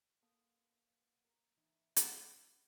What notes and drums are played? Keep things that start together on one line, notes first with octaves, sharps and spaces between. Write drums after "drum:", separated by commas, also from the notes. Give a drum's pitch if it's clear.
A#3 B3 A4
A#4
E3 D#4 E4
drum: hi-hat